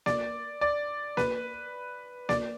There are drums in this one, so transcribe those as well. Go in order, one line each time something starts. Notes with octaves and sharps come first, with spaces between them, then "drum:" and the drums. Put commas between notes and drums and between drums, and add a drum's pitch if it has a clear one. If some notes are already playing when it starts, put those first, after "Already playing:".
D5, drum: snare A#3
D5
B4, drum: snare A#3
D5, drum: snare A#3